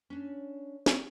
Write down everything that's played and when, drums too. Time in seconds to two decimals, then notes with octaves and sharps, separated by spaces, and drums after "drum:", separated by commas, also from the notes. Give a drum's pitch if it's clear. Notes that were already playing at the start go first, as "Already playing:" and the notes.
0.10 C#4 D4
0.86 drum: snare